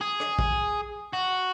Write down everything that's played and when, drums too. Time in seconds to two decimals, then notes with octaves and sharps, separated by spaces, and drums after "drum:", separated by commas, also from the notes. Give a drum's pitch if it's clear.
0.01 G#4
0.20 drum: rim click
0.39 drum: kick
1.13 F#4